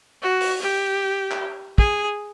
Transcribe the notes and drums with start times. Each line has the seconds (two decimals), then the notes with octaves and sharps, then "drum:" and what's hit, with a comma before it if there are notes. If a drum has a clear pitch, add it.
0.22 F#4
0.41 drum: open hi-hat
0.61 G4
1.31 drum: clap
1.78 G#4, drum: kick